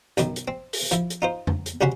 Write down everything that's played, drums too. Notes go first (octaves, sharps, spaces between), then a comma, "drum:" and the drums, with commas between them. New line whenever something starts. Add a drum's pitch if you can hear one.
B1 F#2 D#3, drum: hi-hat
drum: hi-hat
C4
drum: open hi-hat
F3 E4, drum: hi-hat
drum: hi-hat
D#4 F4 C5
drum: tom F2
drum: hi-hat
C#2 C3 C#4 F#4 B5 C6